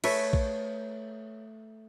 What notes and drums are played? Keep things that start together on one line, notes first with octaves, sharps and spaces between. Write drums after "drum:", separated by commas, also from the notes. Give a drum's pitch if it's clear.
A3 B4 C#5 E5, drum: cymbal
drum: kick A#1